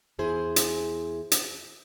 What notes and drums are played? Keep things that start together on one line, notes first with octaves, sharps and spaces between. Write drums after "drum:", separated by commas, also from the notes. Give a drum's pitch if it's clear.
E2 E4 G#4 C5
drum: hi-hat
drum: hi-hat